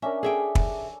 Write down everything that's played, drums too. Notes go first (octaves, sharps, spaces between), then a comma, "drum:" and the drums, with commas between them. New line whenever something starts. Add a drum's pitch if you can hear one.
C#4 D4 A#4 E5
G#4 A4 E5 G5 D6
drum: kick